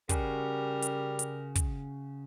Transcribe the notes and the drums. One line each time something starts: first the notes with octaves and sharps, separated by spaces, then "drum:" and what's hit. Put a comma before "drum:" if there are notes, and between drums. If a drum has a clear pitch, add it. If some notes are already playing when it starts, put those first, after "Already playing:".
C#3 G3 C#4 F#4 A#4, drum: kick, hi-hat
drum: hi-hat
drum: hi-hat
drum: kick, hi-hat